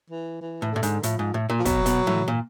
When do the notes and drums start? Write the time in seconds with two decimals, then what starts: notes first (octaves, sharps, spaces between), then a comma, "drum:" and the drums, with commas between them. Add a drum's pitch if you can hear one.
0.10 E3
0.41 E3
0.62 A2
0.72 A2 D3
0.83 G#2, drum: hi-hat
1.03 A2 F3, drum: hi-hat
1.19 G#2
1.34 A2
1.50 A#2
1.59 F3
1.65 B2 F#3, drum: kick, hi-hat
1.86 B2, drum: hi-hat
2.07 A2, drum: tom E3
2.28 A#2